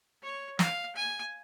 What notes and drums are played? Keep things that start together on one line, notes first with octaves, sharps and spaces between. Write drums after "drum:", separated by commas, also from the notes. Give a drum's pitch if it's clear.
C#5
F5, drum: snare
G#5